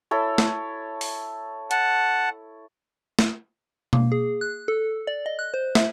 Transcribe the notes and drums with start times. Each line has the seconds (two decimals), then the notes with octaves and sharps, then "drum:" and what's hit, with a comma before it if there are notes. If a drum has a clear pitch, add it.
0.11 E4 A4 C#5
0.38 drum: snare
1.01 drum: open hi-hat
1.71 F#5 A5, drum: hi-hat
3.19 drum: snare
3.93 A#3, drum: tom B2
4.12 G#4
4.41 F#6
4.68 A4
5.07 D5
5.26 D#5
5.39 F#6
5.54 C5
5.75 E5, drum: snare